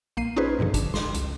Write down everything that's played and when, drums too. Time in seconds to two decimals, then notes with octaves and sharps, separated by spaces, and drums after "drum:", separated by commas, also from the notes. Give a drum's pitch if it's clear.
0.17 A#1 A#3 C7 D#7
0.36 C#4 D#4 F4 G#4 B4 C5
0.59 G2 B2 D3 F3
0.74 D4, drum: kick G#1, hi-hat
0.94 C6, drum: snare
1.14 C#2, drum: hi-hat